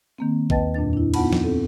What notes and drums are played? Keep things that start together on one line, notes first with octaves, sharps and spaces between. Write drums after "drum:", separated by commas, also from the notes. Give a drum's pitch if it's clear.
D#3 A#3 C4
D#2 B4 D#5 G5 A5 A6, drum: kick A#1
F2 A#2 D4 A6
D4 E4
B3 D#4 F4 F#5 A5 B5, drum: cymbal
drum: snare
C4 A4